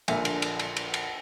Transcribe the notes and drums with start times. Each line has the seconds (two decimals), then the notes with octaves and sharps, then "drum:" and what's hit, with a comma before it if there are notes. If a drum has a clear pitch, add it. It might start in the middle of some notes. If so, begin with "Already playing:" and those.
0.08 A#1 A#2 D3 E5 G#5, drum: cymbal
0.25 drum: cymbal
0.42 drum: cymbal
0.59 drum: cymbal
0.77 drum: cymbal
0.94 drum: cymbal